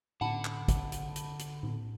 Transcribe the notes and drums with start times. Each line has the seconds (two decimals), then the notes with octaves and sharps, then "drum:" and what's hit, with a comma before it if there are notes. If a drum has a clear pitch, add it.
0.21 D3 F#5 A5 B5, drum: tom A2
0.45 drum: clap
0.68 drum: kick, hi-hat
0.92 drum: hi-hat
1.16 drum: hi-hat
1.39 drum: hi-hat
1.63 drum: tom A2